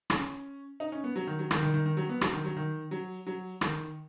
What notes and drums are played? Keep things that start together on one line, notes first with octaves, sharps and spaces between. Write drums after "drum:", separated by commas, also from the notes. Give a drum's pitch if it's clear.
C#4, drum: rim click
D#4
C#4
B3
F#3
D#3
F#3
D#3, drum: rim click
D#3
D#3
D#3
F#3
B3
F#3, drum: rim click
D#3
F#3
D#3
F#3
F#3
D#3, drum: rim click